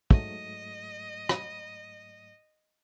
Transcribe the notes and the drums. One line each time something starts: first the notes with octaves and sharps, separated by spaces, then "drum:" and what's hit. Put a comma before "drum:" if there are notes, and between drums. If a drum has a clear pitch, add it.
G#2 F#3 A3 D#5, drum: kick
drum: rim click